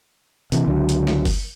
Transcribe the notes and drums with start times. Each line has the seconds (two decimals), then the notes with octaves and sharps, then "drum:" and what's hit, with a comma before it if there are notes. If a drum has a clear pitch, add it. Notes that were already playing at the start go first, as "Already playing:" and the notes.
0.52 C3 E3, drum: hi-hat
0.67 C#2 D3 F#3
0.89 drum: hi-hat
1.07 drum: snare
1.25 drum: kick F#1, open hi-hat